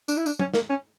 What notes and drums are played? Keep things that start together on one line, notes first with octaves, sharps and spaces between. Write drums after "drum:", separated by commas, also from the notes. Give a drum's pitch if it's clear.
D4, drum: tambourine
E4
D4, drum: tambourine
C#4, drum: tom
A#3, drum: snare
C#4